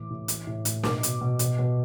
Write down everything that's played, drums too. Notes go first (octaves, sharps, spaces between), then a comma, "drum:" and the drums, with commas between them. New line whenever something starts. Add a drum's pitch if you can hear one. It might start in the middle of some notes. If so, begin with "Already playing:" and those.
Already playing: A2 E3 D6
A2
E3, drum: hi-hat
A2
A2, drum: hi-hat
B2 D6, drum: snare
B2, drum: hi-hat
B2
B2, drum: hi-hat
B2